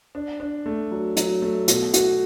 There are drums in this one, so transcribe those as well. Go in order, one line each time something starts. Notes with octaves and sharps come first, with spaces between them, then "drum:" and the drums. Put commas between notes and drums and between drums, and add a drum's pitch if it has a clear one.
D4
D4
A3
F#3
F#3, drum: hi-hat
A3
B2, drum: hi-hat
F#4, drum: hi-hat